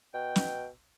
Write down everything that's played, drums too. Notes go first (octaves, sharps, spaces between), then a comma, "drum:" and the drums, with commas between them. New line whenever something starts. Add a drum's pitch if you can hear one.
B2 G5
drum: snare